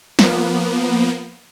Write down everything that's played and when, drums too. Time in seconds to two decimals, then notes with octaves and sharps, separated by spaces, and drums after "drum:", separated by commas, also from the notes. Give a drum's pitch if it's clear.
0.19 F3 A#3 B3, drum: snare